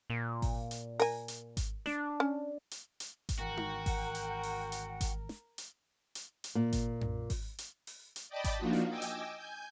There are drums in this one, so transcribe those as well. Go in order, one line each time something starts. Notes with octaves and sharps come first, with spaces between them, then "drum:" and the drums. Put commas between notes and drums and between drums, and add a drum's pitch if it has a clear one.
A#2
drum: kick G#1, open hi-hat
drum: hi-hat
A#4 G#5, drum: open hi-hat
drum: hi-hat
drum: kick G#1, hi-hat
D4, drum: snare
C#4
drum: hi-hat
drum: hi-hat
drum: kick G#1, hi-hat
G#1 E3 F#4 A#4 F#5 G5
drum: tom D#4
drum: kick G#1, open hi-hat
drum: hi-hat
drum: open hi-hat
drum: hi-hat
drum: kick G#1, hi-hat
drum: snare
drum: hi-hat
drum: hi-hat
drum: hi-hat
A#2
drum: kick G#1, hi-hat
drum: tom F#2
drum: kick G#1, open hi-hat
drum: hi-hat
drum: open hi-hat
drum: hi-hat
D5 D#5 G5 A5 B5 D6
drum: kick G#1, hi-hat
F3 A#3 D4 D#4 F4 F#4
drum: snare
D#5 G5 G#5 D6 E6
drum: hi-hat
G#5 G6